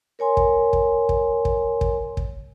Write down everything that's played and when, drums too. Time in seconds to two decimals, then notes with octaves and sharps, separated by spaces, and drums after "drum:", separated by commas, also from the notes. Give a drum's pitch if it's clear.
0.19 A#4 C#5 G#5 C6
0.37 drum: kick
0.73 drum: kick
1.09 drum: kick
1.45 drum: kick
1.81 drum: kick
2.17 drum: kick